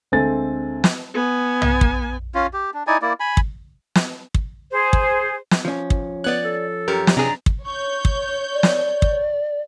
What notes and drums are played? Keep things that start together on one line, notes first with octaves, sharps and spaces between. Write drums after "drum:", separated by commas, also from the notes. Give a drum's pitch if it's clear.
D2 G#3 C4 A4 G#5 A6
drum: snare
B3 G#5
drum: tom
drum: kick
C#4 F4
G4
D4
D#4 E4 D5 G#5
A#3 E4 D5
G#5 B5
drum: kick
drum: snare
drum: kick
G#4 C5
drum: kick
drum: snare
F3 C#4
drum: kick
B3 C#5 D5 F#6
A4
F#2 G4 A#4 C#5
drum: snare
F#2 C3 D4 G#4 A#5
drum: kick
C#5 C#6 G6
drum: kick
D5
drum: snare
drum: kick